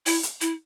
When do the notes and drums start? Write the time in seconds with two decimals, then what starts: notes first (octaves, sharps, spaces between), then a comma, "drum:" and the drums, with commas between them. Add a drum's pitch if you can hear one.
0.06 E4, drum: open hi-hat
0.23 drum: hi-hat
0.41 E4, drum: hi-hat